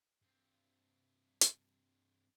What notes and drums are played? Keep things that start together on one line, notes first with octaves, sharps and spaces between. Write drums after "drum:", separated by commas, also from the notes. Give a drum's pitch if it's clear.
G2 C4
drum: hi-hat